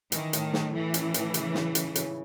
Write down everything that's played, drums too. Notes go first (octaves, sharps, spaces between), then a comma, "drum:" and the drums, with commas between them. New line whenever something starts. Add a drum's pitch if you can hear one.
D#3 E3, drum: hi-hat
A2, drum: hi-hat
A2, drum: snare
E3 A3
C#4, drum: hi-hat
A2, drum: hi-hat
C#3, drum: hi-hat
C#3, drum: snare
C#3, drum: hi-hat
C#3, drum: hi-hat